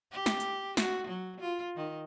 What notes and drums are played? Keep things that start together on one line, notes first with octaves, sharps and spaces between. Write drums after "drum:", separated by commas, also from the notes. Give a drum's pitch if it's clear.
G4
drum: snare
drum: hi-hat
F#4, drum: snare
F#3
F4
D#3